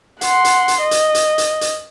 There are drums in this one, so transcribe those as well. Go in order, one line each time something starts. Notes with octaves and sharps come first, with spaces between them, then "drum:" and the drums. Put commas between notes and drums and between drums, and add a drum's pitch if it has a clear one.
F#5 C6, drum: hi-hat
drum: hi-hat
drum: hi-hat
D#5
drum: hi-hat
drum: hi-hat
drum: hi-hat
drum: hi-hat